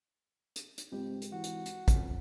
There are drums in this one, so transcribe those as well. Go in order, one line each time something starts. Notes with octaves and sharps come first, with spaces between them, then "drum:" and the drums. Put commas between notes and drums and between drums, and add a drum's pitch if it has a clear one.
drum: hi-hat
drum: hi-hat
C#2 G#2 C4 G4
drum: hi-hat
E3 F#4
drum: hi-hat
drum: hi-hat
F2 C#4, drum: kick, hi-hat